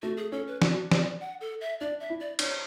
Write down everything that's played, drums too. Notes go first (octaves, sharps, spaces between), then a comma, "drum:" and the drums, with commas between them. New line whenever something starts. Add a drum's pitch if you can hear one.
A3 F#4
G#4
C#4 A4
B4
D4 F#4, drum: snare
D5, drum: snare
F#5
A4
E5
D4 D5
E5
E4
D5
D4 C#5, drum: cymbal